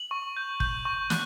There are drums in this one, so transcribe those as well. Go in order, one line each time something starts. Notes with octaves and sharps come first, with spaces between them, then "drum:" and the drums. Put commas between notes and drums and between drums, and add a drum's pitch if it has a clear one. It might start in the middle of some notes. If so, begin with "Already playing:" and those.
Already playing: F#7
C#6
G6
G6, drum: kick
C#6
F#6, drum: snare